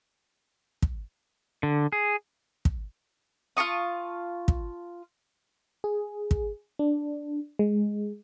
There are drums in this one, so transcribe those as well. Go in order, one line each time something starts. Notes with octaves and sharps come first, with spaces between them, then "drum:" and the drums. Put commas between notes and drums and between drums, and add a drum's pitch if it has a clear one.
drum: kick
D3
G#4
drum: kick
F4 A5 C#6 D#6
drum: kick
G#4
drum: kick
D4
G#3